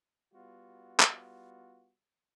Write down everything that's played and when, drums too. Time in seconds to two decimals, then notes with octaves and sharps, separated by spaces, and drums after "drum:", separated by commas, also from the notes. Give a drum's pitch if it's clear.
0.33 G3 B3 F4 F#4
1.00 drum: clap